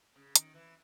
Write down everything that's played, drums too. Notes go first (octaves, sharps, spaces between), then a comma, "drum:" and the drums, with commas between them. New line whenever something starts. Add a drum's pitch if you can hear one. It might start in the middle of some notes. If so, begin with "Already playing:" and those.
C#3
D#3, drum: hi-hat
E3